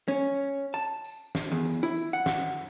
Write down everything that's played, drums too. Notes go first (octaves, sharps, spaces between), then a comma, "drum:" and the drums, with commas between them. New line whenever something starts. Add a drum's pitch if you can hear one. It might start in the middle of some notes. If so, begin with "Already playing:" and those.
C#4
A5, drum: tambourine
drum: tambourine
drum: snare
E2
drum: tambourine
E4
drum: tambourine
F#5
drum: snare